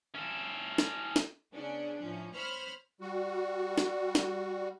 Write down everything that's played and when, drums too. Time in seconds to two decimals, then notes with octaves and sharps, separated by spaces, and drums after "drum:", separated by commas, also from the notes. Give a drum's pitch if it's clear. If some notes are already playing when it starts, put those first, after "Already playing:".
0.15 C#4 A4
0.78 drum: snare
1.16 drum: snare
1.53 C#3 B3 C#4 D4
1.99 A2 F3 C#4
2.33 C5 C#5 B5 F6
3.01 G3 F#4
3.78 drum: snare
4.15 drum: snare